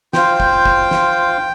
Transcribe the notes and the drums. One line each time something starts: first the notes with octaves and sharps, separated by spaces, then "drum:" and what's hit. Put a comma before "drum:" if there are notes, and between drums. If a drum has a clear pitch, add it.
F4 C5 F5 G5, drum: snare
drum: kick F#1
drum: kick F#1
drum: snare